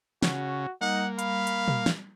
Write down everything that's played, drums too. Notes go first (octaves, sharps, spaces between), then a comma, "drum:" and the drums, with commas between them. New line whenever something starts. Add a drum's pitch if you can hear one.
C#3 F#4, drum: snare
G3 A#3 D#4 F#5
F5 B5, drum: hi-hat
drum: hi-hat
drum: tom
drum: snare